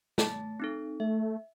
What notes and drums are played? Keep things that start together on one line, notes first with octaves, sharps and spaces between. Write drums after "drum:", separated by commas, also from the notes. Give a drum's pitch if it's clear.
A3 A5 A6, drum: snare
C4 D#4 A4
A3 E5